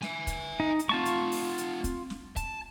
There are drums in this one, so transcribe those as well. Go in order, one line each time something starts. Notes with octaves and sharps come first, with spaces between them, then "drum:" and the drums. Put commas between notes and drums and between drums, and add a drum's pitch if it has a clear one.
E5 G#5, drum: snare
drum: kick, hi-hat
D#4
drum: hi-hat
A3 C4 F4 A5 C#6
drum: hi-hat
drum: open hi-hat
drum: hi-hat
drum: kick, hi-hat
drum: snare
A5, drum: kick, hi-hat